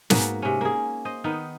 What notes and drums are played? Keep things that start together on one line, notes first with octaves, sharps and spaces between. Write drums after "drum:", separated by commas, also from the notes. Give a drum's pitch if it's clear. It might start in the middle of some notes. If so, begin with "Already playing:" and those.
G#2 A#3 B3 F#4, drum: snare
C3 C#4
A#3 G#4
C5 D#5
D#3 B3 D#4